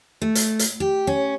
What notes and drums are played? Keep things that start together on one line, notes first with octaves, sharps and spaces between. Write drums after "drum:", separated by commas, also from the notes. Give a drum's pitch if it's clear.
A3
drum: hi-hat
drum: hi-hat
G4
C#4